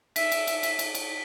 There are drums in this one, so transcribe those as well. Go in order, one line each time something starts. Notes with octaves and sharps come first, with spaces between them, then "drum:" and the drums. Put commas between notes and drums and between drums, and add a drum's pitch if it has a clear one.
E5 B6, drum: cymbal
drum: cymbal
drum: cymbal
drum: cymbal
drum: cymbal
drum: cymbal